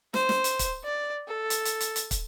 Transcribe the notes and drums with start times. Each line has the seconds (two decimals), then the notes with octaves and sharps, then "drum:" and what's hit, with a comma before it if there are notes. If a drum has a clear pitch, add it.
0.14 C5, drum: snare
0.29 drum: snare
0.44 drum: hi-hat
0.59 drum: kick, hi-hat
0.84 D5
1.28 A4
1.50 drum: hi-hat
1.65 drum: hi-hat
1.80 drum: hi-hat
1.96 drum: hi-hat
2.11 drum: kick, hi-hat